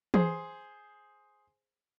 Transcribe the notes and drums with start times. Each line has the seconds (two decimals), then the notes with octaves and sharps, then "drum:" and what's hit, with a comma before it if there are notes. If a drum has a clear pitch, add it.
0.14 G#4 C5, drum: tom E3